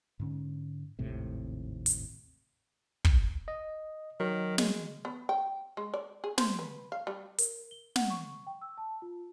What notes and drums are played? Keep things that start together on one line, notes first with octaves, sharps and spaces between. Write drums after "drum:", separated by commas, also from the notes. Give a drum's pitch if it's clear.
G#2 D3 C#4
G#1 D#2 A2 C3
drum: hi-hat
drum: kick
D#5
D#3 F#3
G#3, drum: snare
B3
G5
G#3
D5
G#4
C5, drum: snare
B4
F5
G3
A#4, drum: hi-hat
G7
F#5, drum: snare
C#6
G5
E6
A5
F4